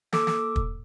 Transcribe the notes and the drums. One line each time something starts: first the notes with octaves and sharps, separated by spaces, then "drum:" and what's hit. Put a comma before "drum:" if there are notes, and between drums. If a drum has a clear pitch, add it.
A#3 A4 D6 E6, drum: snare
drum: snare
drum: kick